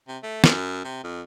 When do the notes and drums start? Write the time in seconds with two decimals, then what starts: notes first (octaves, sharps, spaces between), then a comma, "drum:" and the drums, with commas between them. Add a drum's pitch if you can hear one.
0.08 C3
0.23 A3
0.44 F#2, drum: snare
0.84 C3
1.04 F2